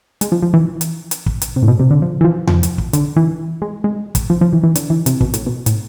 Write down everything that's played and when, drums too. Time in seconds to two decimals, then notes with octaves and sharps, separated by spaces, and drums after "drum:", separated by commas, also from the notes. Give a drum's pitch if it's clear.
0.21 G#3, drum: hi-hat
0.32 F3
0.43 F3
0.54 E3
0.81 drum: hi-hat
1.11 drum: hi-hat
1.26 drum: kick
1.42 drum: hi-hat
1.56 C3
1.63 A2
1.68 B2
1.80 C3
1.91 D3
2.02 F3
2.21 E3
2.24 F3
2.47 F3, drum: tom E2
2.63 drum: hi-hat
2.78 drum: kick
2.93 D3, drum: hi-hat
3.16 E3
3.62 G#3
3.84 G#3
4.15 drum: kick, hi-hat
4.30 F3
4.41 F3
4.53 E3
4.63 E3
4.75 D3, drum: hi-hat
4.90 E3
5.06 C3, drum: hi-hat
5.21 B2, drum: kick
5.34 A2, drum: hi-hat
5.47 B2
5.66 A2, drum: hi-hat